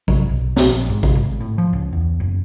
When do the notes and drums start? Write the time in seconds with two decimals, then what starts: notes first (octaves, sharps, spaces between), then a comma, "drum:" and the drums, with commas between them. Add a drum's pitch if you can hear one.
0.08 F#3, drum: kick A1
0.29 B1
0.56 B1, drum: snare
0.72 A#1
0.90 G#2
1.03 drum: kick A1
1.15 G#1
1.40 A2
1.58 F3
1.73 C#2
1.93 E2
2.20 F#1